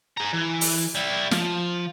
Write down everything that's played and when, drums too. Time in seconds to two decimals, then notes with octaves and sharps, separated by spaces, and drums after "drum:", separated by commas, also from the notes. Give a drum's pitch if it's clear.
0.17 G#4 A#5
0.33 E3
0.61 drum: open hi-hat
0.95 G3 E4
1.31 F3, drum: snare